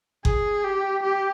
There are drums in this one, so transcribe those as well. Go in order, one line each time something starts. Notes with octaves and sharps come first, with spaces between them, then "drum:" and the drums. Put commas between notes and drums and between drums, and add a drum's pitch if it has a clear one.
G#4, drum: kick F#1
G4
G4